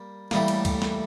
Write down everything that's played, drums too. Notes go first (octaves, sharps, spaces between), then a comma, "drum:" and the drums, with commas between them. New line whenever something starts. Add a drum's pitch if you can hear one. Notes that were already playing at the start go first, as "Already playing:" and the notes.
Already playing: G3 A#3
A2 E3 G3 A#3, drum: snare
drum: cymbal
drum: kick C#2, cymbal
drum: snare